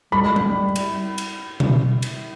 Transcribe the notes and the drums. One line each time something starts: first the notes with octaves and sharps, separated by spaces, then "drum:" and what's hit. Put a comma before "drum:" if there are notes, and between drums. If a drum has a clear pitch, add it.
G3 B5
G#3
G3, drum: tom G3
drum: cymbal
drum: cymbal
drum: tom B2
drum: cymbal